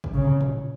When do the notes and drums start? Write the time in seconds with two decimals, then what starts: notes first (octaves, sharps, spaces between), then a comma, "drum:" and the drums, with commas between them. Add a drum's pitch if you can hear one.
0.04 drum: kick
0.14 C#3
0.41 drum: tom